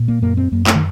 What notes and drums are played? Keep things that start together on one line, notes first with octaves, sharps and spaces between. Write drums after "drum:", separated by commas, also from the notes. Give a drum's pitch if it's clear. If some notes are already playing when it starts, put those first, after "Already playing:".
Already playing: A#2
A#3
F#2 A#3
C4
F#2 A#3
A3, drum: clap
D#3